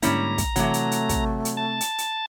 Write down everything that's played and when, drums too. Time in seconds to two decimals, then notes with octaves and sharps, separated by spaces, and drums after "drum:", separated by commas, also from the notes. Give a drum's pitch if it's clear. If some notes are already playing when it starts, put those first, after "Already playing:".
0.02 G#2 D3 G3 A#3 C#4 E4 A#5, drum: hi-hat
0.38 drum: kick, hi-hat
0.56 C3 E3 F#3 A3, drum: hi-hat
0.74 drum: hi-hat
0.91 drum: hi-hat
1.09 drum: kick, hi-hat
1.45 drum: hi-hat
1.57 A5
1.81 drum: hi-hat
1.98 drum: hi-hat